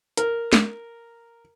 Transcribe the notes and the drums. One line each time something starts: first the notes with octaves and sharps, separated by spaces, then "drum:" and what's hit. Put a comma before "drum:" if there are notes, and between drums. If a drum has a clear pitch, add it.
A#4, drum: hi-hat
drum: snare